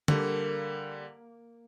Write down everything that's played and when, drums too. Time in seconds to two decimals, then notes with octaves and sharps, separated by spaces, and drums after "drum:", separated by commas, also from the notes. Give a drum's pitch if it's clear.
0.08 D3 G3 A#3, drum: tom